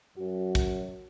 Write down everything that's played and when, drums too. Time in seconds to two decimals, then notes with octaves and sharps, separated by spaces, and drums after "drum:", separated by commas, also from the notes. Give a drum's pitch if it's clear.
0.18 F#2 F#3 F#4
0.55 drum: kick, hi-hat